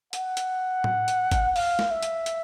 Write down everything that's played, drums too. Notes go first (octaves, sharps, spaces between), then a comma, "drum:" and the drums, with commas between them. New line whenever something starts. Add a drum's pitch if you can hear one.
F#5, drum: hi-hat
drum: hi-hat
drum: tom A2
drum: hi-hat
drum: kick, hi-hat
F5, drum: open hi-hat
drum: snare
E5
drum: hi-hat
drum: hi-hat